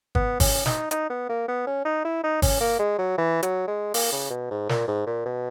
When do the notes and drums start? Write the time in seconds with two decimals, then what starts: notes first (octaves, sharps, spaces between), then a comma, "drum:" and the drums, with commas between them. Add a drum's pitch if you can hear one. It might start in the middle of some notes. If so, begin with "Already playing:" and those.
0.15 B3, drum: kick
0.40 C#4, drum: kick, open hi-hat
0.66 D#4, drum: snare
0.91 D#4, drum: hi-hat
1.10 B3
1.29 A#3
1.48 B3
1.67 C#4
1.85 D#4
2.05 E4
2.24 D#4
2.42 C#4, drum: kick, open hi-hat
2.60 A#3
2.79 G#3
2.98 F#3
3.18 E3
3.43 F#3, drum: hi-hat
3.68 G#3
3.94 A#3, drum: open hi-hat
4.12 C#3
4.31 B2
4.51 G#2
4.69 A#2, drum: snare
4.88 G#2
5.06 A#2
5.26 B2